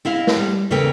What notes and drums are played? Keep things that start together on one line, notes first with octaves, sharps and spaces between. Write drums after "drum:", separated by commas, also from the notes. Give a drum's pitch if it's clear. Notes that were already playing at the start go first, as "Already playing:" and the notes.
C4 E4 D#5 F5
drum: snare
G3
E2 C#3 A#3 A4 B4 G5